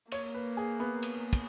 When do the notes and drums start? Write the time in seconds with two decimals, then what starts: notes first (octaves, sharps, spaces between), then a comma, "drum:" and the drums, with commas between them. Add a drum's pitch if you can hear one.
0.12 A#3 C#5, drum: cymbal
0.35 B4
0.57 G#4
0.80 B3
1.03 drum: cymbal
1.33 drum: kick, cymbal